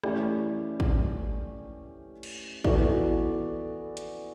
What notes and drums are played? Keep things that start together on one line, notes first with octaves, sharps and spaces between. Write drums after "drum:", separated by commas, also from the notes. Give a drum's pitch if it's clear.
E3 A3 C#4 G4 D5, drum: rim click
drum: kick
drum: cymbal
E3 B3 F#4 A4 D5, drum: kick
drum: hi-hat